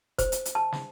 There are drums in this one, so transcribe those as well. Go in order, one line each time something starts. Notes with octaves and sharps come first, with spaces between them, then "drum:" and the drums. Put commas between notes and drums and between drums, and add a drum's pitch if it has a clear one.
C5, drum: kick F1, hi-hat
drum: hi-hat
drum: hi-hat
A5
drum: snare